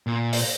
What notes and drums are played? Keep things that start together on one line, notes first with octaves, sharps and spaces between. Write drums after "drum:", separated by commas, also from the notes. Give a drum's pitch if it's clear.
A#2
drum: open hi-hat